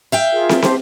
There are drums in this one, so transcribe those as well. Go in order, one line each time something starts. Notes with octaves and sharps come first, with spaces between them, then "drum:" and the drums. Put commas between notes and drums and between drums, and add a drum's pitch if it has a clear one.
E5 F5 G5
F4 G#4 A#4
drum: snare
G4 C5 A5, drum: snare